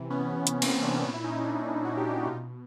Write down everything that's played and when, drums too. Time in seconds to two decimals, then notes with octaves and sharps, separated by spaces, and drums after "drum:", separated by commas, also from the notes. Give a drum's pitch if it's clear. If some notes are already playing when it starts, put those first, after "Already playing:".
Already playing: C3 E3
0.10 B3 C#4
0.47 drum: hi-hat
0.57 B3
0.62 A#3 C4, drum: cymbal
0.83 C4 D4
1.03 A#2 B3 C#4
1.14 E4
1.24 C#4 D#4
1.44 D4 E4
1.85 E4 F#4
1.97 G4
2.06 E4 F#4
2.26 B2 D#4 F4